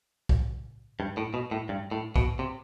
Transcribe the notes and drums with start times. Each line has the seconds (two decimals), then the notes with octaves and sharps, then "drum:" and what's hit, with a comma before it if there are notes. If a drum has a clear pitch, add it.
0.29 drum: kick
1.00 G2
1.17 A2
1.34 B2
1.51 A2
1.69 G2
1.91 A2
2.16 B2, drum: kick
2.39 C3